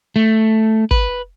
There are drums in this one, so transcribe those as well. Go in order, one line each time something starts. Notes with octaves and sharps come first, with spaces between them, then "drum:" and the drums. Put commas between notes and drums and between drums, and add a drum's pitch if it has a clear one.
A3
B4, drum: kick